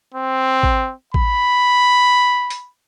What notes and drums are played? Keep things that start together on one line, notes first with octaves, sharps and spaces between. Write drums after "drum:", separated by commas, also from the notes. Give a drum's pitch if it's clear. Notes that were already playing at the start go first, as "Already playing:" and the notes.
C4
drum: kick A1
B5, drum: kick A1
drum: hi-hat